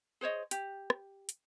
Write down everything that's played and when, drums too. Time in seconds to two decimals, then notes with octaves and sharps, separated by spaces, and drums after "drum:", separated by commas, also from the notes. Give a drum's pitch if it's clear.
0.21 G#4 C5 C#5 D#5
0.51 G4, drum: hi-hat
0.90 drum: rim click
1.29 drum: hi-hat